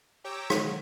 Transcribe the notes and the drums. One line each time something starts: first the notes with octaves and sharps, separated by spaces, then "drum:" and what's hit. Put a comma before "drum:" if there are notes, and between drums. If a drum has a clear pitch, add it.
G4 C#5 G5 A#5 D6 E6
D#3 F#3, drum: rim click